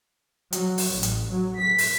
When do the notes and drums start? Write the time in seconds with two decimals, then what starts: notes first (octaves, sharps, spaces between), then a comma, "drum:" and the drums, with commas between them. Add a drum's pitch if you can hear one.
0.53 F#3, drum: hi-hat
0.78 drum: open hi-hat
0.91 A1
1.03 drum: hi-hat
1.28 F#3
1.61 B6
1.78 drum: open hi-hat